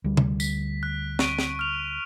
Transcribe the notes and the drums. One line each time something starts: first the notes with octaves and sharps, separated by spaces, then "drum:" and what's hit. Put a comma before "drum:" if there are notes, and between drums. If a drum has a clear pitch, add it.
D2 G3
drum: tom C3
B6, drum: tambourine
F#6
C#6 D7 D#7, drum: snare
drum: snare
F6 F7